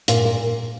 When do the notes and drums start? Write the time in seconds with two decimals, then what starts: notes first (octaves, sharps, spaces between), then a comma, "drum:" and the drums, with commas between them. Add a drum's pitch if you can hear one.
0.08 A#2 F5, drum: hi-hat
0.25 A#2 A#4